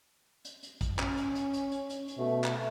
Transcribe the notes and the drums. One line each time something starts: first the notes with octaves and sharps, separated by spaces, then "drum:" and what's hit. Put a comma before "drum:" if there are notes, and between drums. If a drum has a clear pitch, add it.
drum: hi-hat
drum: hi-hat
drum: kick A1, hi-hat
C#4, drum: clap
drum: hi-hat
drum: hi-hat
drum: hi-hat
drum: hi-hat
drum: hi-hat
drum: hi-hat
B2 A3
drum: clap